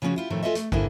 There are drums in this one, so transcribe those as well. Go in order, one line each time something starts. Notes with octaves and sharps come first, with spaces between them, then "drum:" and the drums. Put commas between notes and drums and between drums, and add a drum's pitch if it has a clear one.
C#3 F3 G#3 C4 C#4 F#4
E4 F4 G4
A2 C3 D#3 F3 A3
G#3 F4 G#4 A4 D#5 E5
A3, drum: hi-hat
G#2 D3 D#3 A#3 E4, drum: kick